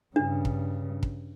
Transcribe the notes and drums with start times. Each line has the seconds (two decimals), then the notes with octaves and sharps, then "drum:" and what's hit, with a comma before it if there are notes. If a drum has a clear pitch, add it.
0.16 G2 C#3 D4
0.45 drum: kick
1.03 drum: kick